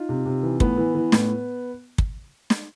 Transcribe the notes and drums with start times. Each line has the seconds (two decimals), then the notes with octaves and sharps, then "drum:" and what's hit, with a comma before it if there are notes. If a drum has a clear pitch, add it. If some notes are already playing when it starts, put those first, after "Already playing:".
Already playing: D#4 F4
0.09 C3
0.26 C3
0.43 E3
0.60 A2 B3, drum: kick
0.77 E3
0.95 E3
1.12 A2, drum: snare
1.98 drum: kick
2.50 drum: snare